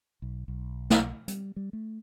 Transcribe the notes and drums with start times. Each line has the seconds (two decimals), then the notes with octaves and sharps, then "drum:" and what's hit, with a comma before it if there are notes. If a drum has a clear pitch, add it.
0.22 B1
0.48 B1
0.90 drum: snare
1.28 G3, drum: hi-hat
1.56 G3
1.73 A3